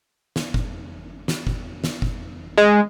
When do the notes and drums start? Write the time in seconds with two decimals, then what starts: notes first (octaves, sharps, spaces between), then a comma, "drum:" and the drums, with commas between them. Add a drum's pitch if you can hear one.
0.36 drum: snare
0.54 drum: kick F#1
1.28 drum: snare
1.47 drum: kick F#1
1.84 drum: snare
2.02 drum: kick F#1
2.58 G#3